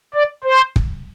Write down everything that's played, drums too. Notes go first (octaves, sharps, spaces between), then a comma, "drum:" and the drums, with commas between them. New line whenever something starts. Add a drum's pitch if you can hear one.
D5
C5
drum: kick